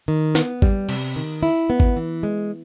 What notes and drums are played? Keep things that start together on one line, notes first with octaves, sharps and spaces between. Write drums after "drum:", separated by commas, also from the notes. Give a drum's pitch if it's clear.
D#3
B3, drum: snare
G3, drum: kick G#1
C3, drum: cymbal
D#3
E4
B3
drum: kick G#1
E3
G#3